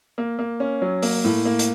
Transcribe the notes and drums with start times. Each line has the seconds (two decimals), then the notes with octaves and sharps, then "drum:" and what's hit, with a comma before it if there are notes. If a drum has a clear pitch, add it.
0.18 A#3
0.39 A#3
0.60 C#4
0.82 F#3
1.02 A#3, drum: open hi-hat
1.24 A2
1.45 A#3
1.59 drum: hi-hat